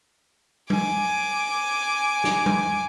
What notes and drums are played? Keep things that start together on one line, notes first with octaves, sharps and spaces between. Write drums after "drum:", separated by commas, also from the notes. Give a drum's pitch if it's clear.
G#5 D6, drum: tom G3
drum: snare
drum: tom G3